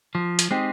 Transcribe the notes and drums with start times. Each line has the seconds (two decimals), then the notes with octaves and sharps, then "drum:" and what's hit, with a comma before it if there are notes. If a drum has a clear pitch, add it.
0.15 F3
0.39 drum: hi-hat
0.51 G#3 C4 D#4 G4